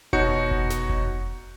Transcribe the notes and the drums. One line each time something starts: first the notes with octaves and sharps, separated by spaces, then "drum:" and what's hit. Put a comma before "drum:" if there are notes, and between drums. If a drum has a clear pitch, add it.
B2 D#4 F#4 C#5 G6 C#7, drum: kick F1
drum: kick F1
drum: snare
drum: kick F1